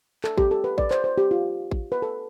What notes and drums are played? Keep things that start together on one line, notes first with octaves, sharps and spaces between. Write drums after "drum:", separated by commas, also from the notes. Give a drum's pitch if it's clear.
A4, drum: clap
G4, drum: kick A1
A4
B4
D5, drum: kick A1
C5, drum: clap
C5
G4
F4
drum: kick A1
B4
A4